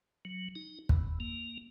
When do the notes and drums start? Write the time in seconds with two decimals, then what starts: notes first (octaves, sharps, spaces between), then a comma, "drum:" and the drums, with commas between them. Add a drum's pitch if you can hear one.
0.25 F#3
0.56 D#4
0.89 E2, drum: kick
1.20 A#3